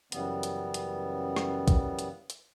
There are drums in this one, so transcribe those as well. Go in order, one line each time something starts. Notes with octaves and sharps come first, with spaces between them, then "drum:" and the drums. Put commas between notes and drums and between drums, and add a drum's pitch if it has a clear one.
F#2 C#3 E3 G3 B3, drum: hi-hat
drum: hi-hat
drum: hi-hat
drum: rim click
drum: kick, hi-hat
drum: hi-hat
drum: hi-hat